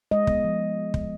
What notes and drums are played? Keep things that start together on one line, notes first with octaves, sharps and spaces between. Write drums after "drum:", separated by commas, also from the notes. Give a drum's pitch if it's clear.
G#3 D#5
B3, drum: kick
F3
drum: kick